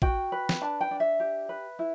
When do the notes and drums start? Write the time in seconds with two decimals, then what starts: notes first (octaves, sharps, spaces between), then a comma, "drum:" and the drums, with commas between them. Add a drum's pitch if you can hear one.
0.02 F#4 G5, drum: kick
0.32 B4
0.49 drum: snare
0.61 D4 A5
0.81 G5
0.91 D4
1.00 E5
1.20 G4
1.49 B4
1.79 E4